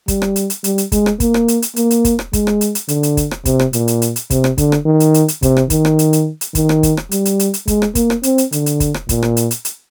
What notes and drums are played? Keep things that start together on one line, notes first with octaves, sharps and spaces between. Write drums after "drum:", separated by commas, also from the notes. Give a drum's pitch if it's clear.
G3, drum: kick, hi-hat
drum: rim click
drum: hi-hat
drum: hi-hat
G3, drum: hi-hat
drum: hi-hat
G#3, drum: kick, hi-hat
drum: rim click
A#3, drum: kick, hi-hat
drum: rim click
drum: hi-hat
drum: hi-hat
A#3, drum: hi-hat
drum: hi-hat
drum: kick, hi-hat
drum: rim click
G#3, drum: kick, hi-hat
drum: rim click
drum: hi-hat
drum: hi-hat
D3, drum: hi-hat
drum: hi-hat
drum: kick, hi-hat
drum: rim click
C3, drum: kick, hi-hat
drum: rim click
A#2, drum: hi-hat
drum: hi-hat
drum: hi-hat
drum: hi-hat
C3, drum: kick, hi-hat
drum: rim click
D3, drum: kick, hi-hat
drum: rim click
D#3
drum: hi-hat
drum: hi-hat
drum: hi-hat
C3, drum: kick, hi-hat
drum: rim click
D#3, drum: kick, hi-hat
drum: rim click
drum: hi-hat
drum: hi-hat
drum: hi-hat
D#3, drum: kick, hi-hat
drum: rim click
drum: kick, hi-hat
drum: rim click
G3, drum: hi-hat
drum: hi-hat
drum: hi-hat
drum: hi-hat
G#3, drum: kick, hi-hat
drum: rim click
A#3, drum: kick, hi-hat
drum: rim click
C4, drum: hi-hat
drum: hi-hat
D3, drum: hi-hat
drum: hi-hat
drum: kick, hi-hat
drum: rim click
A#2, drum: kick, hi-hat
drum: rim click
drum: hi-hat
drum: hi-hat
drum: hi-hat